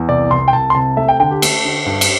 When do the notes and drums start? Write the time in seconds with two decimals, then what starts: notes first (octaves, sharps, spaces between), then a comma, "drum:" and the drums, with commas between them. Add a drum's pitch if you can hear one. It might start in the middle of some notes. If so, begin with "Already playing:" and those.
Already playing: E2
0.09 C2 D5
0.30 C2 C6
0.48 G5
0.53 C2 A5
0.70 C6
0.75 C3 A5
0.97 A3 E5
1.09 G5
1.20 D3 G5
1.31 G4
1.42 A3 A4, drum: cymbal
1.64 D3
1.86 G2
2.01 drum: cymbal